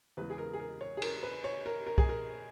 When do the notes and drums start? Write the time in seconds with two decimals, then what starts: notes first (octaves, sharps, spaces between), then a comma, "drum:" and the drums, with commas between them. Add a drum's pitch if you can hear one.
0.17 E2 C#3 G#3 B4
0.30 G#4
0.38 A#4
0.53 G#4
0.60 A#4
0.81 C#5
0.97 G#4
1.02 A#4, drum: cymbal
1.23 B4
1.44 C#5
1.66 A#4
1.87 A#4
1.98 G#4, drum: kick
2.09 A#4